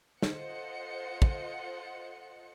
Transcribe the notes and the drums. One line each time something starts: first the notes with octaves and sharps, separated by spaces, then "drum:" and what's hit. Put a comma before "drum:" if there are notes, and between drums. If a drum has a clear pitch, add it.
F4 A4 C5 D#5 F#5 C#7, drum: snare
drum: kick